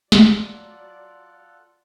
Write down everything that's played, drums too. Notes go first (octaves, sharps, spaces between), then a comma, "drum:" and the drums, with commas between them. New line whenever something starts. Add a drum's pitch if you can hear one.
F#3 F4 A4 D5 F#5, drum: snare